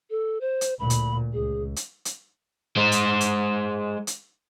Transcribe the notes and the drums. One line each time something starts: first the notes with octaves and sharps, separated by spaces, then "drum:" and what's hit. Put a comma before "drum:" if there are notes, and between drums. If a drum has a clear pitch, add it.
A4
C5
drum: hi-hat
D2 A#2 B5
drum: hi-hat
C#2 G#4
drum: hi-hat
drum: hi-hat
G#3 C5
drum: hi-hat
drum: hi-hat
drum: hi-hat